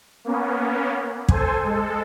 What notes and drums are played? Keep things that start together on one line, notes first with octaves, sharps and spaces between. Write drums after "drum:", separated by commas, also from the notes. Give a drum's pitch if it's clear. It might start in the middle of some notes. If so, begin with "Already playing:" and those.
A#3 B3 C#4
A4 C5 G#5, drum: kick
G#3 A4